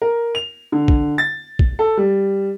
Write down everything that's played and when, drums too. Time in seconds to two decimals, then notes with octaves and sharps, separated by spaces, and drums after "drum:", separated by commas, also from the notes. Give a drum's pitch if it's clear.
0.02 A#4
0.35 F7
0.72 D3
0.88 drum: kick B1
1.18 A6
1.59 drum: kick B1
1.79 A4
1.97 G3